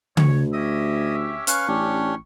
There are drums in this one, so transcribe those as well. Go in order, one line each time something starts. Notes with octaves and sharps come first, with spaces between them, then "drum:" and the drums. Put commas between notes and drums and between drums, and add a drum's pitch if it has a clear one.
D2 C#5, drum: tom C#3
C#4 G4 D#5 E5 D#6
C#4 B4 F5 C#6, drum: hi-hat
A1 C#4 D4 G4